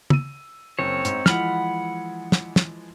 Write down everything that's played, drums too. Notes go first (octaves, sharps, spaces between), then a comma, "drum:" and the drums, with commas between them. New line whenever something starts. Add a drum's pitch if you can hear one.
E6 D#7, drum: tom
F#1 C4 C#5
G#2, drum: hi-hat
E3 F3 G#3 F#5 B5 F6, drum: snare
drum: snare
drum: snare